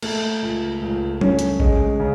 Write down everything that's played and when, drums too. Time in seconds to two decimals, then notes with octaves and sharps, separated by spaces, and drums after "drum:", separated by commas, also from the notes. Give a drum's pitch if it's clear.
0.02 A3, drum: cymbal
0.42 C#2
0.81 C#2
1.21 C#4, drum: tom F#3
1.39 drum: hi-hat
1.60 G#3, drum: kick A1
2.00 C#3